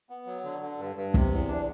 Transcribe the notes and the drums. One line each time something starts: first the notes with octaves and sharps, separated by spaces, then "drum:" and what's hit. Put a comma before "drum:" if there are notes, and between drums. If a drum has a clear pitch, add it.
B3
F#3
D3
D3
G2
G2
C3, drum: kick
E2
D4